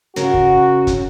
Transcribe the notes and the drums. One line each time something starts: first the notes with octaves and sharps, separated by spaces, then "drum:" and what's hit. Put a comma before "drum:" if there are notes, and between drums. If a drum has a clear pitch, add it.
C#3 C#4 F#4 A#4, drum: hi-hat
drum: kick
drum: kick, hi-hat